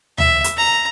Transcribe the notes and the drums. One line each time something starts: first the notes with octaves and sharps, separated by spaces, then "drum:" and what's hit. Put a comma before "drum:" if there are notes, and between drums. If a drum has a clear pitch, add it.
E5, drum: tom D2
drum: hi-hat
A#5